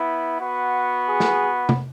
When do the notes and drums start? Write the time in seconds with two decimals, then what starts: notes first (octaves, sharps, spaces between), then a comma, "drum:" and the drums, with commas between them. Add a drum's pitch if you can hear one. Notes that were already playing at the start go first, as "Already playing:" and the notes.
Already playing: B3 E4
0.39 B3 F#4
1.09 G#4
1.20 drum: snare
1.69 drum: tom C3